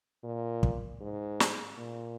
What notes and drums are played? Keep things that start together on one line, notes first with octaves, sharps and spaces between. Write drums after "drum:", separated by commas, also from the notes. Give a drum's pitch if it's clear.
A#2
drum: kick
G#2
drum: snare
A#2